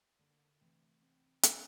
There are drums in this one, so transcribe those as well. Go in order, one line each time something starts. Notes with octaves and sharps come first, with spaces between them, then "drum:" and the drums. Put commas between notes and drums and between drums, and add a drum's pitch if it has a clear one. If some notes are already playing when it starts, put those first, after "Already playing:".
D3 A#3 D4
C3 E3 A3
C4
D3, drum: hi-hat